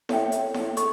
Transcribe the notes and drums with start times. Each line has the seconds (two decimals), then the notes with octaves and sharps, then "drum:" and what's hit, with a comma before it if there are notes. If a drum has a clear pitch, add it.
0.09 A4 C#5 E5 G5, drum: snare E4
0.32 drum: hi-hat
0.54 drum: snare E4
0.77 A4 C#6, drum: hi-hat